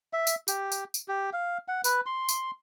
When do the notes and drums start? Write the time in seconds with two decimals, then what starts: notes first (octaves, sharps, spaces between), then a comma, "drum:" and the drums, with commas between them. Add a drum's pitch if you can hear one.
0.13 E5
0.27 drum: tambourine
0.48 G4, drum: tambourine
0.72 drum: tambourine
0.94 drum: tambourine
1.08 G4
1.33 F5
1.68 F#5
1.84 B4, drum: tambourine
2.06 C6
2.29 drum: tambourine